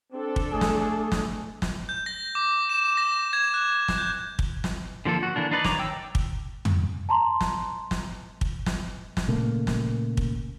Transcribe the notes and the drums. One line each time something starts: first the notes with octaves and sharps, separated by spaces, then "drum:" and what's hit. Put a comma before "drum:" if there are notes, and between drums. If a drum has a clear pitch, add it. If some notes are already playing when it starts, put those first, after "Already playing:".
C4 D4 A4
drum: kick
A3 G#4
drum: snare
drum: snare
drum: snare
G6
A#6
D6
E7
A#6
G#6
F#6
drum: snare
G6
drum: kick
drum: snare
D3 F3 A#3 A4
F#4
D3 E3 A#3 D4
D4 D#4 B4 D5
D#3 C#5 A#5 D6, drum: snare
G5 D6 E6
drum: kick
drum: tom
A5 A#5 C6
drum: snare
drum: snare
drum: kick
drum: snare
drum: snare
A#2 C#3 A3 A#3
drum: snare
drum: kick